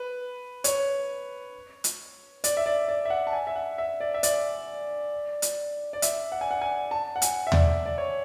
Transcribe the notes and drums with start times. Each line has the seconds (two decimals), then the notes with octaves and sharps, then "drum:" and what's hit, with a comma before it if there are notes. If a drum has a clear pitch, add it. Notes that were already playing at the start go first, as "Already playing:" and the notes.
Already playing: B4
0.64 C#5, drum: hi-hat
1.84 drum: hi-hat
2.44 D5, drum: hi-hat
2.57 E5
2.66 D5
2.88 D5
3.06 E5
3.10 F#5
3.27 A5
3.33 G#5
3.47 E5
3.56 F#5
3.78 E5
4.00 D5
4.14 E5
4.23 D5, drum: hi-hat
5.42 drum: hi-hat
5.93 D5
6.02 E5, drum: hi-hat
6.32 F#5
6.41 G#5
6.51 F#5
6.62 G#5
6.91 A5
7.16 F#5
7.22 G#5, drum: hi-hat
7.47 E5
7.52 D5, drum: tom D#2
7.86 D5
7.98 C#5